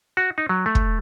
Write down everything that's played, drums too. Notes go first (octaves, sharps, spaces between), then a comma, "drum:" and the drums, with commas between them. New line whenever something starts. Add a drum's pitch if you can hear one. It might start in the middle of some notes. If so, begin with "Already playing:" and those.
F#4
D#4
F#3
A3
drum: kick